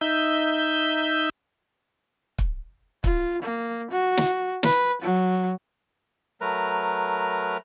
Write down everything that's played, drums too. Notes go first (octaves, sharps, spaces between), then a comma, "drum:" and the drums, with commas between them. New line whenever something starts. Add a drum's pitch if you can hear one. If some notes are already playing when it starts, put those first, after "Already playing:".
D#4 E5 G6
drum: kick
F4, drum: kick
A#3
F#4
drum: snare
B4, drum: snare
F#3
F#3 A3 A#4 B4 A#5